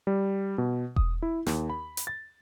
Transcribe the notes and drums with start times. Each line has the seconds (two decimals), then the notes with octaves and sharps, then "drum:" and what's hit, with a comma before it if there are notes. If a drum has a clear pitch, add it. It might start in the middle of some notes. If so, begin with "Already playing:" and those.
0.07 G3
0.58 B2
0.96 D#6, drum: kick E1
1.22 E4
1.46 D#2, drum: snare
1.70 B5
1.97 drum: hi-hat
2.07 A6